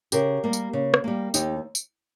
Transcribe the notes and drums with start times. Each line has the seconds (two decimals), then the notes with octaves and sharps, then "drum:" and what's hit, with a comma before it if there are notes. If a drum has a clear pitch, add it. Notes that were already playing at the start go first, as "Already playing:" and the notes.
0.12 C#3 G4 A#4, drum: tambourine
0.44 G3 A#3
0.53 drum: tambourine
0.73 C#3
0.94 drum: rim click
1.04 G3 A#3
1.34 D#2 D#4 G4, drum: tambourine
1.75 drum: tambourine